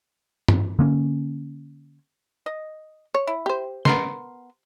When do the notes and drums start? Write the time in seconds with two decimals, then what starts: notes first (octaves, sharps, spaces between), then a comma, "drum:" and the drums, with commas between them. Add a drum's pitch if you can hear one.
0.48 drum: tom G2
0.79 D3 A#3 C#4
2.46 D#5
3.14 C#5
3.27 E4
3.46 G4 C5
3.85 B3 A#4 C6, drum: snare